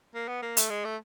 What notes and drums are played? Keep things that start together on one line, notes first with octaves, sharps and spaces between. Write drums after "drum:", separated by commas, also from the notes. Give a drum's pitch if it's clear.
A#3
B3
A#3
A3, drum: hi-hat
G#3
A3